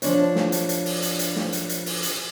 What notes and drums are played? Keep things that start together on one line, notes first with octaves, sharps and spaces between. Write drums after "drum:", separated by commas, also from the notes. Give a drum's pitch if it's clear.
F3 D4 C#5, drum: hi-hat
drum: snare
drum: hi-hat
drum: hi-hat
drum: open hi-hat
drum: hi-hat
drum: hi-hat
drum: snare
drum: hi-hat
drum: hi-hat
drum: open hi-hat
drum: hi-hat